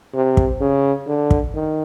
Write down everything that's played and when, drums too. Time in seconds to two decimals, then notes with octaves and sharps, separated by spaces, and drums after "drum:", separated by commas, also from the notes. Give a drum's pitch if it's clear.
0.13 C3
0.37 drum: kick
0.60 C#3
1.07 D3
1.31 drum: kick
1.54 D#3